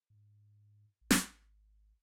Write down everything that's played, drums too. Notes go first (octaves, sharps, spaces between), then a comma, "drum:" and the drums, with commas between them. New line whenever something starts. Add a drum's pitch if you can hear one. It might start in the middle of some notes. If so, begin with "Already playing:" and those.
G#2
A1
drum: snare
G#1